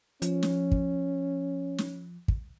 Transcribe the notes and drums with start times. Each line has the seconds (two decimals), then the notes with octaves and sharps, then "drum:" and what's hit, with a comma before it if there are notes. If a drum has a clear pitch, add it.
0.22 F3 C#4, drum: hi-hat
0.43 drum: snare
0.71 drum: kick
1.78 drum: snare
2.28 drum: kick